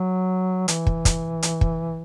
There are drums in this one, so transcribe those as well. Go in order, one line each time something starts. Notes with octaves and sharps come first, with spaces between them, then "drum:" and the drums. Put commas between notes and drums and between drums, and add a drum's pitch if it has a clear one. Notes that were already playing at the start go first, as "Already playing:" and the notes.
Already playing: F#3
E3, drum: hi-hat
drum: kick
drum: kick, hi-hat
drum: hi-hat
drum: kick